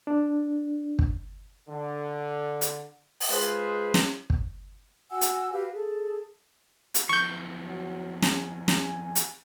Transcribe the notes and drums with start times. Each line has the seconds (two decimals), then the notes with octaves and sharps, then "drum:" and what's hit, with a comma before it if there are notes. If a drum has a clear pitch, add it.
0.07 D4
0.99 drum: kick
1.69 D3
2.61 drum: hi-hat
3.20 drum: open hi-hat
3.31 G#3 F4 G#4 B4 C5
3.94 drum: snare
4.30 drum: kick
5.11 F#4 F#5 G#5 E6
5.21 drum: hi-hat
5.52 F#4 G4 B4 F5
5.72 G#4 A4
6.94 drum: hi-hat
7.09 F2 E3 C#6 G6
7.65 F#3
8.22 G#5, drum: snare
8.68 drum: snare
9.15 drum: hi-hat